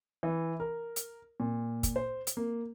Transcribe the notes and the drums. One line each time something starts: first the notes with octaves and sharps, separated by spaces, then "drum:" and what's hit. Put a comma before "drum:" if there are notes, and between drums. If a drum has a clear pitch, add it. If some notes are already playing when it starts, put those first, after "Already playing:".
E3
A#4
drum: hi-hat
A#2
drum: kick, hi-hat
C5
drum: hi-hat
A#3